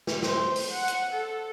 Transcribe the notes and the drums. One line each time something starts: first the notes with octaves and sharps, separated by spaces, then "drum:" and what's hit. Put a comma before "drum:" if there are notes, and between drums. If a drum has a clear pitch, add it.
drum: snare
C5, drum: snare
drum: open hi-hat
F#5
drum: hi-hat
A4